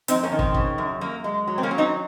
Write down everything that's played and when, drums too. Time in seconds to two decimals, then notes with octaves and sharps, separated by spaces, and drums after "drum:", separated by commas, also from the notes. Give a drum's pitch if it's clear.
0.08 F2 C4 D#4, drum: hi-hat
0.23 A#3 C#4
0.32 D#3
0.39 C4, drum: kick
0.54 C#3, drum: kick
0.78 F#2
1.01 F#2 A#3
1.24 G#3
1.47 F#3
1.58 C4
1.63 A#3 C#4
1.71 F#3
1.78 C4 D#4